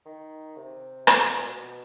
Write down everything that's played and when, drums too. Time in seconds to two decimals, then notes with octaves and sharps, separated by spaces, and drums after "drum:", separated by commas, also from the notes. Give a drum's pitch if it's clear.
0.06 D#3
0.57 C3
1.07 C3, drum: rim click
1.19 B2
1.30 A#2
1.43 B2